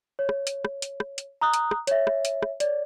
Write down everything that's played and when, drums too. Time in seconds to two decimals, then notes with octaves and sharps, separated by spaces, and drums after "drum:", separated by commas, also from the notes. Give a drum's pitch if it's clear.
0.19 C#5
0.29 drum: rim click
0.47 drum: hi-hat
0.65 drum: rim click
0.82 drum: hi-hat
1.00 drum: rim click
1.18 drum: hi-hat
1.41 A#5 D#6 F#6
1.53 drum: hi-hat
1.71 drum: rim click
1.87 C#5 E5, drum: hi-hat
2.07 drum: rim click
2.25 drum: hi-hat
2.42 drum: rim click
2.60 C#5 D5, drum: hi-hat